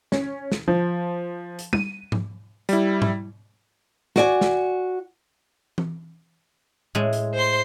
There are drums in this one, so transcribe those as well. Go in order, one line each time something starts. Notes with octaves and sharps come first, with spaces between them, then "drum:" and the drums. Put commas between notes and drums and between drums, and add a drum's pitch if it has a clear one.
C#4, drum: snare
drum: snare
F3
drum: hi-hat
D#7, drum: tom G3
drum: tom G#2
G3 E4, drum: hi-hat
drum: tom G#2
F#4 D5 G#5, drum: snare
drum: snare
drum: tom E3
A2 G#3
drum: hi-hat
C5 C6